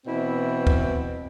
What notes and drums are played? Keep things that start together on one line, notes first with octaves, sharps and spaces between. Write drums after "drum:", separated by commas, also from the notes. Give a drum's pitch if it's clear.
B2 E3 C4 E4
drum: kick